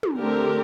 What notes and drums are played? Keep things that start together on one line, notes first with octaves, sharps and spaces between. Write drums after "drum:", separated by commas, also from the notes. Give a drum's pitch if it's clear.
drum: tom
D3 A3 C4 G4 A#4